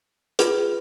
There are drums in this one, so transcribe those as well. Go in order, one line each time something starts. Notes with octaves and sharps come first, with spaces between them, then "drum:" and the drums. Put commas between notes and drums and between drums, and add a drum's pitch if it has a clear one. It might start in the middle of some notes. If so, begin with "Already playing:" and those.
F4 G#4 B4, drum: hi-hat